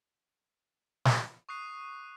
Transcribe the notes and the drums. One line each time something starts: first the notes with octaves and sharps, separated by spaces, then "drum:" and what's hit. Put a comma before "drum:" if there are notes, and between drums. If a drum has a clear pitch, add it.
drum: snare
C#6 D#6 F#6 C7 D#7